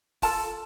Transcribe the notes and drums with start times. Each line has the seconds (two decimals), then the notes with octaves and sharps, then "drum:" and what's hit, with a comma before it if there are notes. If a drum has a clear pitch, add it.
0.22 F4 A4 A5, drum: kick, open hi-hat